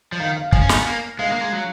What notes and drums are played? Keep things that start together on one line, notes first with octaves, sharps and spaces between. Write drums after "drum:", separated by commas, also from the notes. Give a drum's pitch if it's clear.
F3
D#3 F5
F5
F3 G#5, drum: kick
C#4
D#4, drum: snare
B3
A#3
G#3 F5
A#3
G#3
F#3